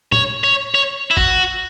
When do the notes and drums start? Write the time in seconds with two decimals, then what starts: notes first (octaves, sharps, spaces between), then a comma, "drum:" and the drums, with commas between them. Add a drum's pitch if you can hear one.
0.12 C#5, drum: tom A2
0.44 C#5
0.75 C#5
1.11 E4
1.17 F#4, drum: kick